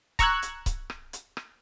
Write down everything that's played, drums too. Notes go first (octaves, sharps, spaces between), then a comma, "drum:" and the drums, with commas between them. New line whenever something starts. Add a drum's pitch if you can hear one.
A#5 C#6 E6 F#6 G#6, drum: kick C#1, hi-hat
drum: hi-hat
drum: kick C#1, hi-hat
drum: rim click
drum: hi-hat
drum: rim click